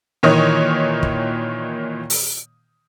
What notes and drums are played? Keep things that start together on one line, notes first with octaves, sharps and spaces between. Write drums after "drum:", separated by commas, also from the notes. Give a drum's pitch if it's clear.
A#2 D#3 E3 C#5 D#5 D#6
drum: kick
drum: open hi-hat